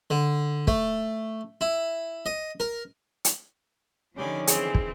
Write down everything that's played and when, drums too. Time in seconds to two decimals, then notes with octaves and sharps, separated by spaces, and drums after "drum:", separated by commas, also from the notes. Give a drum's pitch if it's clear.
0.10 D3
0.67 A3, drum: kick
1.61 E4
2.26 D#5
2.60 A#4
3.25 drum: hi-hat
4.17 D3 D#3 F3 C#4 G4 G#4 B5
4.47 E3 C4 G#4 G#5, drum: hi-hat
4.75 drum: kick